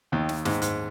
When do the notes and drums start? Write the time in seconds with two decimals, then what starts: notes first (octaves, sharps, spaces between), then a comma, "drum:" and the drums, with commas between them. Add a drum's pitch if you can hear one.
0.12 D#2 D#3
0.29 drum: snare
0.45 G#2, drum: snare
0.62 G#2, drum: hi-hat